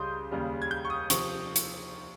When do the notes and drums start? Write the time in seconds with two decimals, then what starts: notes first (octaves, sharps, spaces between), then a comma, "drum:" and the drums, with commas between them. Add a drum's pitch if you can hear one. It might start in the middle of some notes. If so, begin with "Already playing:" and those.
Already playing: C#2 C#3 G3 C6 D#6 G6
0.31 D#2 C#3 G3
0.62 G#6
0.71 G6
0.85 C#6
0.90 D#6
1.10 C3 F3 C4 C#6, drum: hi-hat
1.56 drum: hi-hat